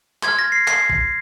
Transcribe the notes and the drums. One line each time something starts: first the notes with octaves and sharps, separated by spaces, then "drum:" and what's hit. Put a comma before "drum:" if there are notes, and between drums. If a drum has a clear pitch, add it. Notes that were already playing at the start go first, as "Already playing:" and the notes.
C6 F6 G#6, drum: clap
A#6
C7
C7, drum: clap
drum: kick